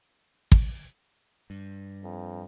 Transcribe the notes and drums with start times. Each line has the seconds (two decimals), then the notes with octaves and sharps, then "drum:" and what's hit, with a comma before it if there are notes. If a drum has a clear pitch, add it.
0.52 drum: kick
1.50 G2
2.04 F2